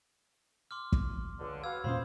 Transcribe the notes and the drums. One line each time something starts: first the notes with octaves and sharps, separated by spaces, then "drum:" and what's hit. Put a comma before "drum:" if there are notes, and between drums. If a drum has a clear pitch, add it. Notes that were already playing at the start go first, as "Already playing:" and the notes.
C6 D6 F6
drum: kick
C#2 D3
F#4 B4 F5 E6 G#6
E1 A#2 C#4 F4 C5 B5 D#6